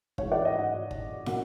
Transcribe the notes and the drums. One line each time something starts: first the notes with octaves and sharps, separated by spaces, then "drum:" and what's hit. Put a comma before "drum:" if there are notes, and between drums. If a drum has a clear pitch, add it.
G#2 E3 G#3 C#5, drum: kick
D5
D#5
F#5
drum: kick
A#2 F#3 A#3 C#4 F#5, drum: snare